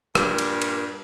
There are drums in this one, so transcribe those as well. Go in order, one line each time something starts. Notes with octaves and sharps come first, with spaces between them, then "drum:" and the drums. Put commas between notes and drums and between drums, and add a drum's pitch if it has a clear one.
G2 A#2 G3 A#4, drum: rim click
drum: cymbal
drum: cymbal